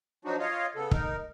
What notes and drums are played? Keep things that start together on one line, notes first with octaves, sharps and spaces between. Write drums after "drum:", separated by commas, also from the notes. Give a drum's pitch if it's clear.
F3 F#3 D4 D#4 F#4
F4 C#5 D#5 F5
C#3 B3 A4
D#4 A#4, drum: kick